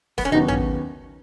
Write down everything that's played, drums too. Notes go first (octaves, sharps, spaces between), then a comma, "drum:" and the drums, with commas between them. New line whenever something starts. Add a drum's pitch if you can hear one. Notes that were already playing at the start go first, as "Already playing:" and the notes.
B3, drum: snare
C#4
D#2 C#3 F#3 B3 D#4 F#4
C#4, drum: tom A1